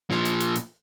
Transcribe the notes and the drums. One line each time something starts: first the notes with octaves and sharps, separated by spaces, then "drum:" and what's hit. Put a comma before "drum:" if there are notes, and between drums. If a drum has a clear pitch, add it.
A#2 F3, drum: snare
drum: hi-hat
drum: hi-hat
drum: hi-hat